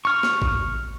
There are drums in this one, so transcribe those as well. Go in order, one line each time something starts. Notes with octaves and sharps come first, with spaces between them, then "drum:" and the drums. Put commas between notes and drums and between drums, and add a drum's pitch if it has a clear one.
C#6 F6
drum: snare
drum: kick